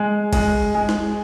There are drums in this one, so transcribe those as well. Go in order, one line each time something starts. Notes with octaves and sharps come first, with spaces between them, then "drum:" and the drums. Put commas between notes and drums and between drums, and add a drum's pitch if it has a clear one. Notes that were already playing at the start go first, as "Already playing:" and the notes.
Already playing: G#3
G#3, drum: kick, cymbal
G#3
drum: snare